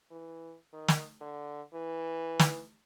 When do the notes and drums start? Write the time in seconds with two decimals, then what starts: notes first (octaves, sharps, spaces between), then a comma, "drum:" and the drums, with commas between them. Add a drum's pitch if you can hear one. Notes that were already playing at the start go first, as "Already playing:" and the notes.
0.11 E3
0.73 D#3
0.88 drum: snare
1.21 D3
1.74 E3
2.39 drum: snare